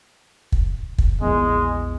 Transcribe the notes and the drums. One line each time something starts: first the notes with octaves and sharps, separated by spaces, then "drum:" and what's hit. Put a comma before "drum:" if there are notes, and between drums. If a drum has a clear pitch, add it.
drum: kick
drum: kick
A#1 E2 G#3